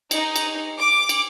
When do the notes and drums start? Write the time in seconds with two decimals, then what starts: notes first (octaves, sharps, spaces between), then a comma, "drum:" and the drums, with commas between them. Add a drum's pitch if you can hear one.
0.11 D#4, drum: cymbal
0.36 drum: cymbal
0.79 D6
1.09 drum: cymbal